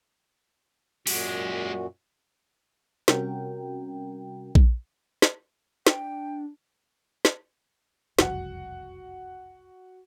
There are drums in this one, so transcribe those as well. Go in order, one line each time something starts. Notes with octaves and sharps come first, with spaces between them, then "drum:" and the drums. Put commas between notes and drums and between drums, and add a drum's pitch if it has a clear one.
F#2 A#2 G#3 F#4 G4, drum: open hi-hat
C3 G3 C#4 F#4 A#4 G5, drum: snare
drum: kick A#1
drum: snare
D4 G5, drum: snare
drum: snare
F#1 C2 F2 F#4 F#5, drum: snare